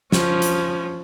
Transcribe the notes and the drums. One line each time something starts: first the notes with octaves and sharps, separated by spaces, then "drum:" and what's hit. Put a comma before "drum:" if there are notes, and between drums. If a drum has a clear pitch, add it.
F3 C#4, drum: snare
drum: hi-hat